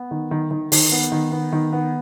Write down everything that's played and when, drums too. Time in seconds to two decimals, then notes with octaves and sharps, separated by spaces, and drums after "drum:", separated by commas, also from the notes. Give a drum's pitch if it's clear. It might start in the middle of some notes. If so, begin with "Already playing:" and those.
Already playing: B3
0.11 D#3
0.31 D#3
0.51 D#3
0.72 D#3, drum: open hi-hat
0.92 B3
1.12 D#3
1.32 B3
1.52 D#3
1.73 B3